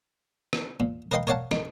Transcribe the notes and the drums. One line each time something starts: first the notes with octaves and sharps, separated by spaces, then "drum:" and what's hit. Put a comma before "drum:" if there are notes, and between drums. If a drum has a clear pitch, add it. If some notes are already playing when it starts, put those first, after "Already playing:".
drum: rim click
A#2
A#4 B4 D#5 F5 G5 C6
A#4 C#5 D5 F5 F#5 A5
D#4, drum: rim click